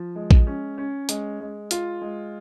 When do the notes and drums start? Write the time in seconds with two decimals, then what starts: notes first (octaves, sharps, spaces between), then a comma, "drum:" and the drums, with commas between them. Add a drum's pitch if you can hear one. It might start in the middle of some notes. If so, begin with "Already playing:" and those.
Already playing: F3
0.16 G#3
0.31 drum: kick
0.47 C#4
0.78 C#4
1.09 G#3, drum: hi-hat
1.40 G#3
1.71 F4, drum: hi-hat
2.02 G#3